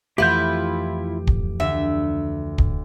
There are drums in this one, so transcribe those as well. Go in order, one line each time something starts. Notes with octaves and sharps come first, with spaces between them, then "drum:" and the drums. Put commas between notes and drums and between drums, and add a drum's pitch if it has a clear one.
F2 E3 A3 E4 F4 G4 G6
drum: kick
D2 E5
drum: kick